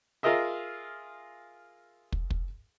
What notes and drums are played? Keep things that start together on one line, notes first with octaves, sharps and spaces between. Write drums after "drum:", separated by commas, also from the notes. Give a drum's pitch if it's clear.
F4 G#4 A#4 D#5 E5
drum: kick
drum: kick